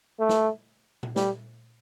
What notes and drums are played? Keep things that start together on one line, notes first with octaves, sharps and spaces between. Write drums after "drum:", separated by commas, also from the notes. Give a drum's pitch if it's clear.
A3
drum: snare
drum: tom A#2
G3, drum: snare